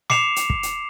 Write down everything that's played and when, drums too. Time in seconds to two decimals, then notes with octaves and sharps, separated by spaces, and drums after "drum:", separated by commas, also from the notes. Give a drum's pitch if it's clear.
0.10 D6 C7 C#7 E7 F7, drum: snare
0.36 drum: hi-hat
0.50 drum: kick
0.63 drum: hi-hat